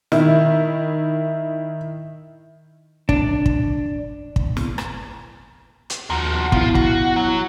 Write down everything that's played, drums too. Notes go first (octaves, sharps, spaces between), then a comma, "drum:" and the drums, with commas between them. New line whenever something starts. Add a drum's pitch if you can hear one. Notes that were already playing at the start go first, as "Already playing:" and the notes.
D#3 E4, drum: snare
D4, drum: kick
drum: kick
drum: kick
drum: snare
drum: rim click
drum: hi-hat
D#2 F3 F#4 A#5
F3 B3 E4 F4, drum: kick
F#4, drum: kick
F#3